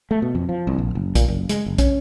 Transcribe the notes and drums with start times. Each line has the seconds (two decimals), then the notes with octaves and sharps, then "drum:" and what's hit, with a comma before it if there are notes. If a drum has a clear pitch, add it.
0.11 A3
0.22 B2
0.35 F2
0.49 F3
0.67 C2
0.78 A#1
0.95 F#1
1.15 A#2, drum: kick, hi-hat
1.28 F#1
1.49 G#3, drum: hi-hat
1.66 F#1
1.78 C#4, drum: kick, hi-hat